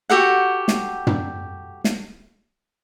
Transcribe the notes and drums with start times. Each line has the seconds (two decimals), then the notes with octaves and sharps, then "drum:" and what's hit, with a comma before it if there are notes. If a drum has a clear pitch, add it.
0.09 F#4 G4 A4 F#5
0.68 drum: snare
1.07 drum: tom
1.84 drum: snare